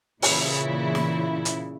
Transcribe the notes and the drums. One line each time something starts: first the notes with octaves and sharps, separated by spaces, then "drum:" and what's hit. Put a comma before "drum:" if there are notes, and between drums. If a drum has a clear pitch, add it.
A#2 C#3 E3 E4, drum: open hi-hat
drum: snare
drum: hi-hat